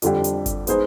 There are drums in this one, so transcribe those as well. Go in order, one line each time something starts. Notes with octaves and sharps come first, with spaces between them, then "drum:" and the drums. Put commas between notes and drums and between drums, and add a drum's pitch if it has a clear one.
F2 D3 G3 D4 G4, drum: hi-hat
drum: hi-hat
drum: kick G1, hi-hat
G#3 B3 D#4 G#4 C5, drum: hi-hat